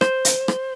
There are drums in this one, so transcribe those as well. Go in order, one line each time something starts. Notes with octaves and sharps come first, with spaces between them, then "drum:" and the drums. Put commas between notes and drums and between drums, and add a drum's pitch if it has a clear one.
C5, drum: rim click
drum: hi-hat
drum: rim click